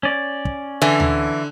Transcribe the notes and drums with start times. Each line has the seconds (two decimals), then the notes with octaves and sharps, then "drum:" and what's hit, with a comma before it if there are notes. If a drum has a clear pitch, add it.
0.03 C#4 D5
0.45 drum: kick
0.82 D3 E3 G#5
1.00 drum: tom D2